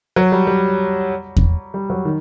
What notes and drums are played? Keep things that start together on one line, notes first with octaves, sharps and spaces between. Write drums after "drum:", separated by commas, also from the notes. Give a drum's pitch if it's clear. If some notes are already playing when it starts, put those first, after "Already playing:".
F#3
G3
G3
drum: kick E2
G3
F#3
D#3